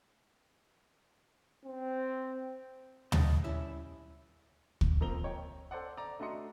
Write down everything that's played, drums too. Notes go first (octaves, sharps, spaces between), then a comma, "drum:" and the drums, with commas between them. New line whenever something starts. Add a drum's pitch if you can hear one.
C4
G4 D#5 G5 A5, drum: tom
G3 C#4 E4 E5
drum: kick
F3 A#3 C4 A#5 F7 G7
C#5 G5
A4 C5 D5 F#5
D5 A#5
A3 D4 F#4 D#5 C6 C#7